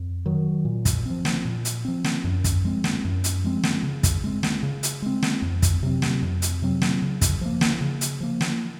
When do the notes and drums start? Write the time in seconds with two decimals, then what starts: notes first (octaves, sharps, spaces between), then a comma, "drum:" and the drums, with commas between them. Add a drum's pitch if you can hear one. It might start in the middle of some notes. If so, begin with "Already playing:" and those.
Already playing: F2
0.26 D#3 F#3
0.65 A#2
0.85 drum: kick, hi-hat
1.05 F3 C4
1.25 drum: snare
1.45 A#2
1.65 drum: hi-hat
1.85 F3 C4
2.05 drum: snare
2.24 F#2
2.44 drum: kick, hi-hat
2.64 F3 G#3 C4
2.84 drum: snare
3.05 F#2
3.24 drum: hi-hat
3.44 F3 G#3 C4
3.64 drum: snare
3.83 C#3
4.03 drum: kick, hi-hat
4.24 G#3 C4
4.43 drum: snare
4.63 C#3
4.83 drum: hi-hat
5.02 G#3 C4
5.23 drum: snare
5.42 F2
5.62 drum: kick, hi-hat
5.83 C3 F#3 C4
6.02 drum: snare
6.22 F2
6.42 drum: hi-hat
6.62 C3 F#3 C4
6.82 drum: snare
7.02 C#3
7.21 drum: kick, hi-hat
7.41 F3 A#3
7.61 drum: snare
7.81 C#3
8.01 drum: hi-hat
8.20 F3 A#3
8.41 drum: snare